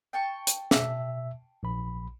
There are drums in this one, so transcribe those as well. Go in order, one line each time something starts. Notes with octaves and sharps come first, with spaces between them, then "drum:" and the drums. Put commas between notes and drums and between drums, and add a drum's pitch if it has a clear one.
G5 A5 C#6
drum: hi-hat
B2 E5, drum: snare
A#1 B5